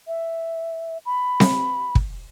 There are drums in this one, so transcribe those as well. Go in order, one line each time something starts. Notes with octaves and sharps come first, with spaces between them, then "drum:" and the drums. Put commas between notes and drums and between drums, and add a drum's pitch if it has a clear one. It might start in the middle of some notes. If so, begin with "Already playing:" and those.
E5
B5
drum: snare C4
drum: kick